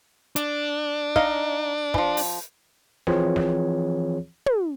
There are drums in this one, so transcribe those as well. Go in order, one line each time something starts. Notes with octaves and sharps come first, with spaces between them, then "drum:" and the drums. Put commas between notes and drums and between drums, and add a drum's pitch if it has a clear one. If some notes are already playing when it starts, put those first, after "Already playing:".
D4, drum: hi-hat
D#4 D#5 F5, drum: kick
E3 F3, drum: kick
drum: open hi-hat
E3 F3 C4 F4 G#4 C#5, drum: snare
drum: snare
drum: tom